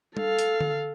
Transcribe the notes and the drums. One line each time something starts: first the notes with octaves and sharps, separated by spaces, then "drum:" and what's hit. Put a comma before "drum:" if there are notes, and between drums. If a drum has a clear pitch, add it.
A4 F5, drum: tom G3
drum: hi-hat
drum: tom D3